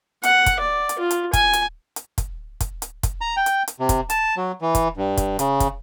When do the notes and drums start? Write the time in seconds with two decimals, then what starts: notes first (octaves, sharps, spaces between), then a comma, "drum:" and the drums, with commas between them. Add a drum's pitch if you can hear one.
0.23 F#5, drum: hi-hat
0.46 drum: kick, hi-hat
0.60 D5
0.89 drum: hi-hat
0.99 F4
1.11 drum: hi-hat
1.33 G#5, drum: kick, hi-hat
1.53 drum: hi-hat
1.96 drum: hi-hat
2.18 drum: kick, hi-hat
2.60 drum: kick, hi-hat
2.82 drum: hi-hat
3.03 drum: kick, hi-hat
3.21 A#5
3.37 G5
3.46 drum: hi-hat
3.68 drum: hi-hat
3.80 C3
3.89 drum: kick, hi-hat
4.10 A5, drum: hi-hat
4.37 F#3
4.62 E3
4.75 drum: kick, hi-hat
4.97 G2
5.17 drum: kick, hi-hat
5.39 C#3, drum: hi-hat
5.60 drum: kick, hi-hat